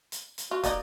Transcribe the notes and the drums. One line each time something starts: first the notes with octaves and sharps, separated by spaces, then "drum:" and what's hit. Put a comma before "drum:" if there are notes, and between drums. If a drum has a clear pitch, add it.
drum: hi-hat
drum: hi-hat
F4 F#4
F#3 A#3 D#4 D5, drum: kick, hi-hat